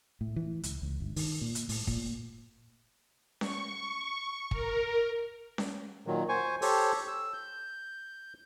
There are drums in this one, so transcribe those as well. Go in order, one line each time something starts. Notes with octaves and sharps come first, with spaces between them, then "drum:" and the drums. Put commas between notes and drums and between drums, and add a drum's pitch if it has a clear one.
A2
E3
C#2, drum: hi-hat
C#2
G1
D#3, drum: open hi-hat
A#2
drum: hi-hat
A2, drum: open hi-hat
A#2, drum: kick
C#6, drum: snare C#4
A#4, drum: kick
drum: snare C#4
A#2 D#3 F#3
C5 G#5 C#6
G4 A4 C5 C#5, drum: open hi-hat
E6
G6